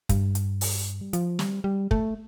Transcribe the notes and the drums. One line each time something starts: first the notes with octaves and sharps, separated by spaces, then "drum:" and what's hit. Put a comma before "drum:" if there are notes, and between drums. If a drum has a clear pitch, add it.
G2, drum: kick, hi-hat
drum: hi-hat
drum: open hi-hat
G3
F3, drum: hi-hat
G3, drum: snare
G3
A3, drum: kick